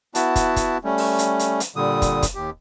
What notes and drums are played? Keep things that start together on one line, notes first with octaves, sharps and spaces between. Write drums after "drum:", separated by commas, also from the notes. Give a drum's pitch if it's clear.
B3 E4 F#4 A5, drum: hi-hat
drum: kick, hi-hat
drum: kick, hi-hat
G3 A3 C#4
drum: open hi-hat
drum: hi-hat
drum: hi-hat
drum: hi-hat
A#2 D3 G3 D#6
drum: kick, hi-hat
drum: kick, hi-hat
D#2 G4